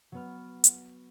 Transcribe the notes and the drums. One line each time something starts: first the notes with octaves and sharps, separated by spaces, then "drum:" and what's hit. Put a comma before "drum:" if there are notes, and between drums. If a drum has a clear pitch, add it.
F#3 B3 F6
drum: hi-hat